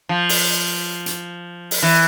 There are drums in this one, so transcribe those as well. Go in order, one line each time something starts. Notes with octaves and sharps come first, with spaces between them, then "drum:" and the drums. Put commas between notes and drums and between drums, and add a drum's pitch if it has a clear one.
F3
drum: open hi-hat
drum: hi-hat
drum: open hi-hat
E3